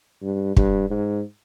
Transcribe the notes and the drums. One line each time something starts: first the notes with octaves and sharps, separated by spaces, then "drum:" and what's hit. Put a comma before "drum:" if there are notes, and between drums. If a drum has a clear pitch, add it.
G2
G2, drum: kick
G#2